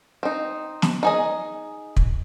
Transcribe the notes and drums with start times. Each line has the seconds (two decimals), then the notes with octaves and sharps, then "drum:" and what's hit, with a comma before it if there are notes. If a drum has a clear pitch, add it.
0.23 C4 D#4
0.82 drum: snare
1.03 D#4 G#4 D#5
1.97 drum: kick